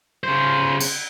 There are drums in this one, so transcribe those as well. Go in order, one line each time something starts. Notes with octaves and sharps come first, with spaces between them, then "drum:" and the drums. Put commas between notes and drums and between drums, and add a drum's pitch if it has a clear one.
C#3 C5
drum: cymbal